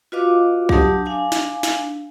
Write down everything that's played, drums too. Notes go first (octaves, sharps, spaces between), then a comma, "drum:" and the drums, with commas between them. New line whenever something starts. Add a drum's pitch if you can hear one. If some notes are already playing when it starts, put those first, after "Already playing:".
F4 F#4 B4 D#5 F5 D6
F#3 D4 G4 A5 D#6, drum: kick A#1
D4 F5 G#5
drum: snare
drum: snare